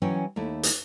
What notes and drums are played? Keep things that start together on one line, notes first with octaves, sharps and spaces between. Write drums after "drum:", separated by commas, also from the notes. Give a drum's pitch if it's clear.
E3 F#3 C#4 E4 G5 G#5
D#2 A3 E4
drum: hi-hat